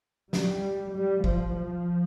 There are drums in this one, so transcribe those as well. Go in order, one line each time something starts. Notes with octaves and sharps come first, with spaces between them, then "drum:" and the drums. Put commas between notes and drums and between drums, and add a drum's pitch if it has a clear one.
G3, drum: snare
G3
F3, drum: kick G1
F3